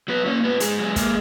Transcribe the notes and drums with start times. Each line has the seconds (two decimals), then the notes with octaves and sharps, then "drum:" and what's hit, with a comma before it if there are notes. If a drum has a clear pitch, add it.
0.08 F#3 B3 B4
0.26 A#3 C#4 C#5
0.43 G#2 B3 B4
0.60 G#2 G#3 G#4, drum: hi-hat
0.79 F#3
0.96 A#3, drum: kick, hi-hat